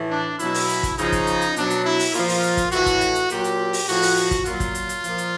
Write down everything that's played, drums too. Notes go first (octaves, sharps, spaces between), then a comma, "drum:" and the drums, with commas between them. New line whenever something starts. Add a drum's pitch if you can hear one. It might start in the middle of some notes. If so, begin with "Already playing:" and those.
Already playing: A2 E3
D4
B2 F#3 E4, drum: hi-hat
drum: open hi-hat
drum: hi-hat
drum: kick, hi-hat
C#3 F3 D#4, drum: hi-hat
drum: kick, hi-hat
drum: hi-hat
drum: hi-hat
B2 F#3 D4, drum: hi-hat
drum: hi-hat
E4
drum: open hi-hat
A#2 F3 F4, drum: hi-hat
drum: open hi-hat
drum: hi-hat
drum: kick, hi-hat
A2 E3 F#4, drum: hi-hat
drum: kick, hi-hat
drum: hi-hat
drum: hi-hat
A#2 F#3 G4, drum: hi-hat
drum: hi-hat
drum: open hi-hat
A2 F3 F#4, drum: hi-hat
drum: open hi-hat
drum: hi-hat
drum: kick, hi-hat
A#2 F#3 F4, drum: hi-hat
drum: kick, hi-hat
drum: hi-hat
drum: hi-hat
A#2 F3, drum: hi-hat
drum: hi-hat